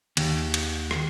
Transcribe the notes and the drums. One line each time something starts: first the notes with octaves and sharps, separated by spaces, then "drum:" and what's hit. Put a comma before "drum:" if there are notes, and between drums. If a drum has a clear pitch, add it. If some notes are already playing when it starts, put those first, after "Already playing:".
D#2, drum: cymbal
drum: cymbal
drum: rim click